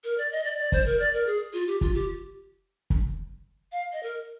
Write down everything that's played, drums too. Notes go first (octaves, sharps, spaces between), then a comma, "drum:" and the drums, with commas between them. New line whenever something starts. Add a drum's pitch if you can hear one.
A#4
D5
D#5
D5
D5
C5, drum: kick
A#4
D5
A#4
G#4
F4
G4
F4, drum: kick
G4
drum: kick
F5
D#5
A#4